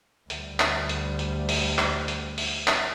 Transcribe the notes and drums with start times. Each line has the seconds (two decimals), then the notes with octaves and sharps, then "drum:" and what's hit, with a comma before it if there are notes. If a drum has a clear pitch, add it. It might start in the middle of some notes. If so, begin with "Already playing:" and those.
0.30 D2 G3, drum: hi-hat
0.60 drum: clap
0.89 drum: hi-hat
1.19 drum: hi-hat
1.49 drum: open hi-hat
1.78 drum: clap
2.08 drum: hi-hat
2.38 drum: open hi-hat
2.67 drum: clap